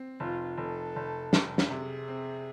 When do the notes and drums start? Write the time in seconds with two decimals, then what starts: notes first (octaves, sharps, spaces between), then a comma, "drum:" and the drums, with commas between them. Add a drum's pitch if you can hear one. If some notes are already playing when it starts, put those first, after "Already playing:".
Already playing: C4
0.20 F1 F4
0.58 F1 A4
0.96 F1
1.33 F1, drum: snare
1.58 drum: snare
1.70 C3 G#4
2.08 C4